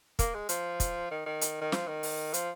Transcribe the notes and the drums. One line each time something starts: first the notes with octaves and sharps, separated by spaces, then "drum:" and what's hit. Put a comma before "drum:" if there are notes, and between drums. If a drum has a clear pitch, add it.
A#3, drum: kick, hi-hat
G#3
F3, drum: hi-hat
drum: kick, hi-hat
D#3
D#3
drum: hi-hat
D#3
F3, drum: snare
D#3
drum: open hi-hat
F3, drum: hi-hat